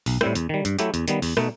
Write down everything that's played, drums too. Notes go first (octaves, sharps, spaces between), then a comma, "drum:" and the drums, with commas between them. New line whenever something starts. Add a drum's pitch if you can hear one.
B1, drum: open hi-hat
A2 G3 C4 E4, drum: rim click
E2, drum: hi-hat
D#3 G3
G2, drum: hi-hat
F#3 A3 E4 G4, drum: hi-hat
E2, drum: hi-hat
D#3 G3 B3, drum: hi-hat
E2, drum: open hi-hat
B2 A3 D#4, drum: rim click